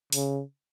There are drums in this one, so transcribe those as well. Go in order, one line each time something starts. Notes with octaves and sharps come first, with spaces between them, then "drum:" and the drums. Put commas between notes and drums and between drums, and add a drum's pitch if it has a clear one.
C#3, drum: open hi-hat